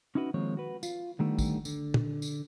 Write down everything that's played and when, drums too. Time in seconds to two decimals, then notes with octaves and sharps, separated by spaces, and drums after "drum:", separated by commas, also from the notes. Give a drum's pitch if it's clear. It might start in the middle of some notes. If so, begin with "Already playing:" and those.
0.15 C#4 D#4 E4 F#4 B4
0.34 D#3 F3 G#3 A#3 C4 C#5
0.57 F#4 B4
0.83 F4, drum: tambourine
1.19 D3 D#3 G3 A3 B3
1.39 drum: kick, tambourine
1.65 D3, drum: tambourine
1.94 drum: tom
2.22 drum: tambourine